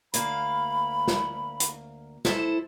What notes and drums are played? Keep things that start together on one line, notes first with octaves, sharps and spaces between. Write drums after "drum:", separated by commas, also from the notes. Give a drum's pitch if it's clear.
D2 A#3 F5 B5, drum: hi-hat
drum: snare
drum: hi-hat
E4 A4 C5, drum: snare